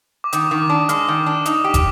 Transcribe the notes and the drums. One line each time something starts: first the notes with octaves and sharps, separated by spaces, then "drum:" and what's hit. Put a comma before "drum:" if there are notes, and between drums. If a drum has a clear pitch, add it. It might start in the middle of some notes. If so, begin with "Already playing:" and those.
D6
D#3 D#6, drum: hi-hat
D#3 D6
D4 D6
G#3 F6, drum: hi-hat
D#3
D4
D#4 D#6, drum: hi-hat
G4 D6
drum: kick, hi-hat